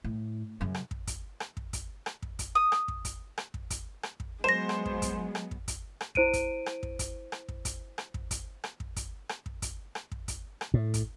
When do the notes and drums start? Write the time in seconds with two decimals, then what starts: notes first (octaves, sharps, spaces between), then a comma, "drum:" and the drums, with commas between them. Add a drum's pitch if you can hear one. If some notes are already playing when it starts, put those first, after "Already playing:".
0.04 A2
0.61 F#2 C#3
0.75 drum: rim click
0.91 drum: kick
1.07 drum: kick, hi-hat
1.40 drum: rim click
1.57 drum: kick
1.73 drum: kick, hi-hat
2.06 drum: rim click
2.22 drum: kick
2.39 drum: kick, hi-hat
2.55 D#6
2.72 drum: rim click
2.88 drum: kick
3.05 drum: kick, hi-hat
3.38 drum: rim click
3.54 drum: kick
3.70 drum: kick, hi-hat
4.03 drum: rim click
4.20 drum: kick
4.44 F#3 G#3 B3 C5 A#6 E7
4.69 drum: rim click
4.85 drum: kick
5.02 drum: kick, hi-hat
5.35 drum: rim click
5.51 drum: kick
5.68 drum: kick, hi-hat
6.01 drum: rim click
6.15 E4 C5 D7 D#7, drum: kick
6.33 drum: kick, hi-hat
6.66 drum: rim click
6.83 drum: kick
6.99 drum: kick, hi-hat
7.32 drum: rim click
7.49 drum: kick
7.65 drum: kick, hi-hat
7.98 drum: rim click
8.14 drum: kick
8.31 drum: kick, hi-hat
8.64 drum: rim click
8.80 drum: kick
8.96 drum: kick, hi-hat
9.29 drum: rim click
9.46 drum: kick
9.62 drum: kick, hi-hat
9.95 drum: rim click
10.12 drum: kick
10.28 drum: kick, hi-hat
10.61 drum: rim click
10.74 A2
10.94 drum: kick, hi-hat